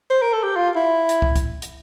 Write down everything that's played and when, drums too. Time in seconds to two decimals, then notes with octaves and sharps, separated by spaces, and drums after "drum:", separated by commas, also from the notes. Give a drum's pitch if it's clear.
0.10 C5
0.22 A#4
0.33 A4
0.44 G4
0.56 F4
0.76 E4
1.09 drum: hi-hat
1.22 drum: kick
1.36 drum: kick, hi-hat
1.62 drum: hi-hat